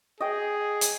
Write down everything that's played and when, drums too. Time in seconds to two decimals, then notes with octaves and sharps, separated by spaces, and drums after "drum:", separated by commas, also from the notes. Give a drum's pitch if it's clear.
0.20 G#4 D#5 G5
0.81 drum: hi-hat